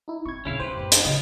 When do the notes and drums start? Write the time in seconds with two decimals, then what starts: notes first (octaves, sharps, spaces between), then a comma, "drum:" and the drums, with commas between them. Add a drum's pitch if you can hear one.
0.08 D#4 E4
0.26 C4 C#6 G#6
0.45 A#1 D#2 C#3 C#4 E4 F5
0.60 E4 G4 B4 C5
0.76 F#2 A3
0.92 drum: hi-hat
1.05 C#3 F#3 B3 F4 D#5